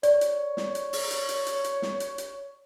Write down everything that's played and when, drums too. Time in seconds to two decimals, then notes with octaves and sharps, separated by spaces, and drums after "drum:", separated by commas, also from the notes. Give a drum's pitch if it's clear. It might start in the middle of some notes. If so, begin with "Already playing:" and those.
0.03 C#5 D5, drum: hi-hat
0.21 drum: hi-hat
0.57 drum: snare
0.75 drum: hi-hat
0.93 drum: open hi-hat
1.11 drum: hi-hat
1.29 drum: hi-hat
1.46 drum: hi-hat
1.64 drum: hi-hat
1.82 drum: snare
2.00 drum: hi-hat
2.18 drum: hi-hat